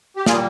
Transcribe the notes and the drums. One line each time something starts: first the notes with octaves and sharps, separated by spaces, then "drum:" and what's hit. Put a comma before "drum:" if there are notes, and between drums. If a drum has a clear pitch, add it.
G4
A#2 G3 A#3 F4 G#4, drum: snare